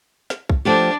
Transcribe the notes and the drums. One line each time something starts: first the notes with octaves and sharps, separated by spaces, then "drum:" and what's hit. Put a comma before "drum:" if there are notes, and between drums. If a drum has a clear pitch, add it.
drum: snare
drum: kick
F3 A3 D4 G4